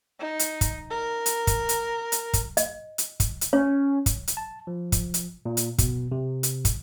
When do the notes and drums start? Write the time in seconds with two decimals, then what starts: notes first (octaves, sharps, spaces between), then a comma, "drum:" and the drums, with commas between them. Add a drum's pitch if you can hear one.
0.20 D#4
0.39 drum: hi-hat
0.61 drum: kick, hi-hat
0.90 A#4
1.26 drum: hi-hat
1.47 drum: kick, hi-hat
1.69 drum: hi-hat
2.12 drum: hi-hat
2.33 drum: kick, hi-hat
2.57 D#5, drum: hi-hat
2.98 drum: hi-hat
3.20 drum: kick, hi-hat
3.41 drum: hi-hat
3.53 C#4 C#5
4.06 drum: kick, hi-hat
4.28 drum: hi-hat
4.37 A5
4.67 F3
4.92 drum: kick, hi-hat
5.14 drum: hi-hat
5.45 A#2
5.57 drum: hi-hat
5.78 B2, drum: kick, hi-hat
6.12 C3
6.43 drum: hi-hat
6.65 drum: kick, hi-hat